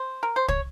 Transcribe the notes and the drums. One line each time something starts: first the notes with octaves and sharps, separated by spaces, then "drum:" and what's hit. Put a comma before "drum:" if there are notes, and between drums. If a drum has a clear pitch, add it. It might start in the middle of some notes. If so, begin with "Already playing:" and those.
Already playing: C5
A#4
C5
C#5, drum: kick